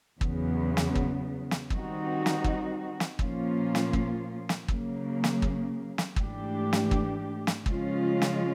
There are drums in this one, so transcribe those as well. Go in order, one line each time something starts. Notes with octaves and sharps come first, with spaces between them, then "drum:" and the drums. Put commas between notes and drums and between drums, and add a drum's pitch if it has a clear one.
E2 C#3 F#3 B3, drum: kick
drum: snare
drum: kick
drum: snare
D#3 G3 C4 D#4 F#4, drum: kick
drum: snare
drum: kick
drum: snare
A#2 F3 A#3 C#4 F4, drum: kick
drum: snare
drum: kick
drum: snare
C#3 F#3 A#3, drum: kick
drum: snare
drum: kick
drum: snare
G#2 E3 A3 D4 G4, drum: kick
drum: snare
drum: kick
drum: snare
C#3 F3 G#3 C#4 F4, drum: kick
drum: snare